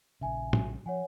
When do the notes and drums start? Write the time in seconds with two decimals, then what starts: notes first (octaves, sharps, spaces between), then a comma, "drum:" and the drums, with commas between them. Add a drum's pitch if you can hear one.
0.21 A#1 C#3 E5 G#5
0.53 drum: tom
0.86 F3 C#5 F#5 G#5